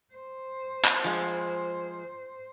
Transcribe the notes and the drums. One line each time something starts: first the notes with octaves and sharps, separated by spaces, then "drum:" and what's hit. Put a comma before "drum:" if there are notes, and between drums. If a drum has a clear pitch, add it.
C5
drum: clap
F3 G#3